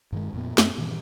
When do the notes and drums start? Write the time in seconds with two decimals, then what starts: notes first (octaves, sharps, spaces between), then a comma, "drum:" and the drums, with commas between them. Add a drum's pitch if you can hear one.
0.12 G2 D#3 G#3
0.34 F2 A#2 B3
0.58 F#2 C4, drum: snare
0.77 G2 A#2 D#3 E3